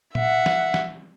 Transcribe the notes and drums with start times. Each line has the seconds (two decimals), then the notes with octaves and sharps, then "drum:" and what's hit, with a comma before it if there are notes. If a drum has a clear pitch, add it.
0.15 E5 F#5, drum: tom A#2
0.46 drum: snare
0.74 drum: snare